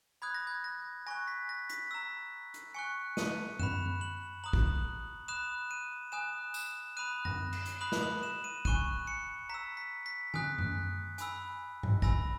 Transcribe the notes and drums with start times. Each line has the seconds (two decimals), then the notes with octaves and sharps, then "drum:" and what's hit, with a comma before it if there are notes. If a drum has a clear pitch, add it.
0.22 B5 D#6 F#6 G#6
0.34 A#6
0.47 G#6
0.64 A#6
1.07 G#5 C#6 F#6 A#6
1.28 B6
1.49 A#6
1.70 B6, drum: hi-hat
1.91 A#5 E6
2.54 drum: hi-hat
2.74 G#5 C#6 F#6 C#7
3.17 D#7, drum: snare
3.59 B5 F#6 E7, drum: tom F#2
4.01 F#7
4.44 A#5 D#6 F#6 F#7
4.53 drum: kick
5.28 B5 D#6 F#6 E7
5.71 D#7
6.12 G#5 D#6 F#6 E7
6.54 E7, drum: tambourine
6.97 B5 D#6 F#6 D#7
7.25 A#6, drum: tom F#2
7.53 E7, drum: cymbal
7.66 drum: hi-hat
7.81 B5 D#6 F#6 F#7
7.92 drum: snare
8.02 F#7
8.23 E7
8.44 D#7
8.65 G#5 C#6 F#6 D#7, drum: kick
9.07 C#7
9.49 A#5 E6 B6
9.77 B6
10.06 B6
10.34 G#5 D#6 F#6, drum: tom D#3
10.58 drum: tom F#2
11.18 G#5 B5 E6, drum: hi-hat
11.83 drum: tom G2
12.02 G#5 B5 E6 A#6, drum: kick